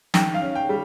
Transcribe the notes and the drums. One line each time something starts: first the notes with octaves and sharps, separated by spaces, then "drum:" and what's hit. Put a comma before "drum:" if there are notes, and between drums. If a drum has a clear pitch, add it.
D#3 G5, drum: snare
F5
C#4
G5
G3